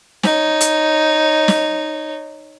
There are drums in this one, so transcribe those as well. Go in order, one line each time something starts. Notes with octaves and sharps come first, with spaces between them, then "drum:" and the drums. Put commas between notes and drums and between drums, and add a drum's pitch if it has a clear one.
D#4 C#5, drum: snare
drum: hi-hat
drum: snare